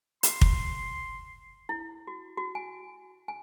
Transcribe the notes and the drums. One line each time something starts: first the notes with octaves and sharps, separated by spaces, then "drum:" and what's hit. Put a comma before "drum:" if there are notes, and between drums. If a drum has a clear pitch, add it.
C6, drum: hi-hat
drum: kick
E4
F#4
F#4
G#5
G#5